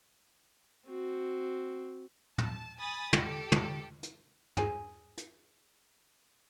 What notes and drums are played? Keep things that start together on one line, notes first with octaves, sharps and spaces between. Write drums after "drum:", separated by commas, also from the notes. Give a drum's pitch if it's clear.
C4 F#4
A5, drum: tom
G#5 B5 D#6 A6
G4 A4, drum: tom
drum: tom
drum: hi-hat
G#4 G#5, drum: tom
drum: hi-hat